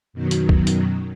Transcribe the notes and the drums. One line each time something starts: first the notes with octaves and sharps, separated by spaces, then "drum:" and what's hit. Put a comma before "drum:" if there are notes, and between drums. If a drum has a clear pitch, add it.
F#2 B2 D#3 F#3
drum: hi-hat
drum: kick
drum: hi-hat